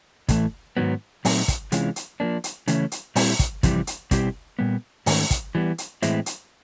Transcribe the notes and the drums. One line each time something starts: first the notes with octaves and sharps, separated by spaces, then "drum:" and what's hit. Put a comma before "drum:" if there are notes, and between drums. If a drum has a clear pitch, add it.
A2 E3 A3, drum: kick, hi-hat
G#2 D#3 F#3 B3
A#2 F#3 A3 C4 D#4, drum: open hi-hat
drum: kick, hi-hat
C3 E3 G#3 C#4 F4, drum: hi-hat
drum: hi-hat
F3 A#3 D4
drum: hi-hat
C#3 E3 A3 C#4, drum: hi-hat
drum: hi-hat
A#2 G3 C4 E4 G4, drum: open hi-hat
drum: kick, hi-hat
F2 C3 E3 G3, drum: kick, hi-hat
drum: hi-hat
B2 G3 C4 E4 G4, drum: kick, hi-hat
A#2 G3 B3
G#2 D#3 F#3 A3 C#4, drum: open hi-hat
drum: kick, hi-hat
E3 G3 B3
drum: hi-hat
A2 E3 G#3 C4 E4, drum: hi-hat
drum: hi-hat